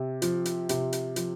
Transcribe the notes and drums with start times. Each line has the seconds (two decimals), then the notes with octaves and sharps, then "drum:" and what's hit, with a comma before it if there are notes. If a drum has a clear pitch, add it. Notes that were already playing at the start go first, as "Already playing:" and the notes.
Already playing: C3
0.22 F3, drum: hi-hat
0.45 drum: hi-hat
0.69 C3, drum: hi-hat
0.93 drum: hi-hat
1.16 F3, drum: hi-hat